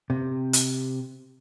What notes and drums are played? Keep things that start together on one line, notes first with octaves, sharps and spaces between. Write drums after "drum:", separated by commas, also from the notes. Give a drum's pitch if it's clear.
C3
drum: hi-hat